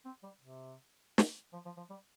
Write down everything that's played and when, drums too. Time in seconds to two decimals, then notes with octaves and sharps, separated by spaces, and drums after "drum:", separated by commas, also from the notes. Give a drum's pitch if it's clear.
0.05 C4
0.23 G3
0.41 C3
1.18 drum: snare
1.53 F3
1.65 F3
1.77 F3
1.90 G3